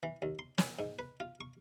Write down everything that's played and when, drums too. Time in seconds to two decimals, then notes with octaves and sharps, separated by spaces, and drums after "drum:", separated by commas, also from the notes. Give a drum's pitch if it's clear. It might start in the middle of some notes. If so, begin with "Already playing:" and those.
0.03 E3
0.22 D#2
0.39 C6
0.58 C#4, drum: snare
0.79 G#2
0.99 B4
1.20 F4
1.41 C#6